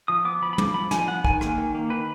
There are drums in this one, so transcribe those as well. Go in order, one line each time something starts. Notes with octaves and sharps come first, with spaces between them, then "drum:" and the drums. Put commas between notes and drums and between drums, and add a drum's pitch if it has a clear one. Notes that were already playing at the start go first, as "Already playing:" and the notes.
F3 D#6
B3 D6
F3 B5
B5
F3 D6, drum: tom
F3 B5
F3 G#5, drum: snare
B3 F#5
D#3 G#5, drum: kick
A#3, drum: rim click
D#3
A#3
D#3 B4